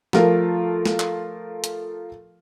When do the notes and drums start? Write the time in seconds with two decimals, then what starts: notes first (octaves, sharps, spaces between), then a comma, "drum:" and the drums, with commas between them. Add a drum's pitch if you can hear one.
0.13 F3 A3 F4 A#4, drum: snare
0.86 drum: snare
1.00 drum: clap
1.64 drum: hi-hat